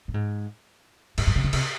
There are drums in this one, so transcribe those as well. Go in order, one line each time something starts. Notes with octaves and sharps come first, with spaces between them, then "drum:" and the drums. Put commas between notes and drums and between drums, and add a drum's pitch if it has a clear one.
A2
G#2
G#2, drum: cymbal
G2
C#3
D3
C3, drum: cymbal